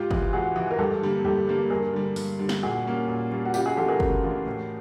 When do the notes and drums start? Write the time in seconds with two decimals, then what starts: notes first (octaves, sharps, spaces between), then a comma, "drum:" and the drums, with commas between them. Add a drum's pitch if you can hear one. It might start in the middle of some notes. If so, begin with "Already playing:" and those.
Already playing: G#2 F4 G4
0.11 E3 G#3, drum: kick
0.33 G#2 F#4 G#4
0.56 E3 G#3
0.71 A#4
0.78 G2 G4 A4
1.02 D3 G3 A#3
1.24 G2 G4 A4
1.47 D3 G3 A#3
1.70 G2 G#4 A#4
1.93 D3 G3
2.16 G2, drum: open hi-hat
2.39 D3 G3
2.49 drum: snare
2.63 A#2 F#4 G#4
2.86 G3 A#3 C#4
3.08 A#2
3.31 G3 A#3 C#4
3.45 F#4
3.54 C#3 F4 G4, drum: tambourine
3.66 F#4 G#4
3.77 E3 A3 D4 F4 G4 A4
3.88 G#4 A#4
4.00 C#3, drum: kick
4.23 E3 A3 D4 F4
4.46 A2